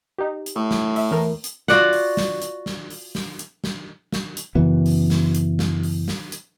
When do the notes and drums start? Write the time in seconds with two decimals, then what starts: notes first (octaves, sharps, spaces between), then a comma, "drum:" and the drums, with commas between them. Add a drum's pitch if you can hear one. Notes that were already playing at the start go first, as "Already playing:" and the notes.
0.18 D#4 G4
0.46 drum: hi-hat
0.56 A2
0.71 drum: snare
0.96 E5, drum: open hi-hat
1.11 E2 A3 A#4
1.44 drum: hi-hat
1.68 F4 F#4 D5 F#5, drum: snare
1.93 drum: open hi-hat
2.17 drum: snare
2.42 drum: hi-hat
2.66 drum: snare
2.90 drum: open hi-hat
3.15 drum: snare
3.39 drum: hi-hat
3.64 drum: snare
4.13 drum: snare
4.37 drum: hi-hat
4.55 F#2 C#3 E3 B3
4.86 drum: open hi-hat
5.10 drum: snare
5.35 drum: hi-hat
5.59 drum: snare
5.83 drum: open hi-hat
6.08 drum: snare
6.32 drum: hi-hat